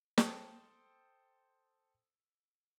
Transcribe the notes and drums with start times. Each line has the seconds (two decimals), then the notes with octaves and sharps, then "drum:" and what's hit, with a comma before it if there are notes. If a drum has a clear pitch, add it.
0.18 A4 C5 G5 A5 D#6, drum: snare